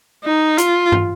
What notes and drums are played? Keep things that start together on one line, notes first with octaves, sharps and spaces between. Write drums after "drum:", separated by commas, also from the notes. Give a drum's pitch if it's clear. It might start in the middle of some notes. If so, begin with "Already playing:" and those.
D#4
F4, drum: hi-hat
drum: tom